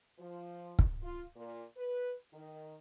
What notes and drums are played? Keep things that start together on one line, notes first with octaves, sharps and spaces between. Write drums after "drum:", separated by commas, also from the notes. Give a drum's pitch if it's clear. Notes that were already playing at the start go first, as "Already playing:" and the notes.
F3
drum: kick
F4
A#2
B4
D#3